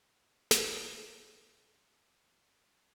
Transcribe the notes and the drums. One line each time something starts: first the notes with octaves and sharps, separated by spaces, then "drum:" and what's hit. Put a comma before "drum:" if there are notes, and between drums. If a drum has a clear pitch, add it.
drum: snare
G#5 C6